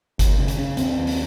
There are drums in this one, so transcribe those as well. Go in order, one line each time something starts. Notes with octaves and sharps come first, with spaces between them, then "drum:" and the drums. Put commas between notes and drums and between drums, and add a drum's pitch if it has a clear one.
D#2, drum: kick G1, hi-hat
C#3
drum: hi-hat
C#3
D#2 C4, drum: hi-hat
D#2
drum: open hi-hat